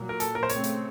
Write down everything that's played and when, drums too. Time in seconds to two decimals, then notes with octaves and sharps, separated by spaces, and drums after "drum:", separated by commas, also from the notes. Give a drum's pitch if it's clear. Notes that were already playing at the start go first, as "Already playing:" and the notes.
Already playing: A#2 F#3 A#3
0.09 A#4
0.20 A4, drum: hi-hat
0.35 A#4
0.43 C5
0.49 C#3 A3 C4 C#5, drum: hi-hat
0.64 drum: hi-hat